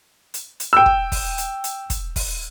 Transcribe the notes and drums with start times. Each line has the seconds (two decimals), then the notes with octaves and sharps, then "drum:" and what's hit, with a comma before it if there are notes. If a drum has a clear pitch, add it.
0.34 drum: hi-hat
0.60 drum: hi-hat
0.73 G5 E6
0.86 drum: kick
1.12 drum: kick, open hi-hat
1.38 drum: hi-hat
1.64 drum: hi-hat
1.90 drum: kick, hi-hat
2.16 drum: kick, open hi-hat